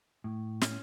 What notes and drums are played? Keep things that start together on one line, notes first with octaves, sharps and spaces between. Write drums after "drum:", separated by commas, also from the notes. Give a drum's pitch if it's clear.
A2
C#4, drum: snare